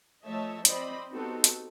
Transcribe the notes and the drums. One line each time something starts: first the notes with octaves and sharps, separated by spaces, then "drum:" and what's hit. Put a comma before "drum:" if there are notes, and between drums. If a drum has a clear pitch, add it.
F3 A3 C#5 D#5 E5 A5
C4 C5 D5 D#5 B5, drum: hi-hat
B3 C4 D#4 F#4 G4 A4
drum: hi-hat